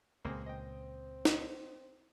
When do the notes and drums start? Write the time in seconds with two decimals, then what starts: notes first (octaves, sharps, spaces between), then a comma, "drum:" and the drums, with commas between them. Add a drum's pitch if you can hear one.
0.25 C#2 A#2 A#3 C4 G#4
0.46 C4 D#5 G5
1.25 drum: snare